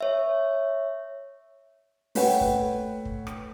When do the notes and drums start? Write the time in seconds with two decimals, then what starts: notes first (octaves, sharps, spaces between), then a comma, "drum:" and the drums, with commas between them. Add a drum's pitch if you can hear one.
0.01 C#5 E5
2.15 A3 B4 C#5 F#5 G5, drum: open hi-hat
2.41 drum: kick
3.05 drum: kick
3.27 drum: rim click